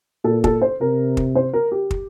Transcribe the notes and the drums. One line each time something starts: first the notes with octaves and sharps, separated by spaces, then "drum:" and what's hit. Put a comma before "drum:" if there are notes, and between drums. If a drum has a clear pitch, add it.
A#2 A4
A4, drum: kick
C5
C3 A#4
drum: kick
C5
A#4
G4
drum: kick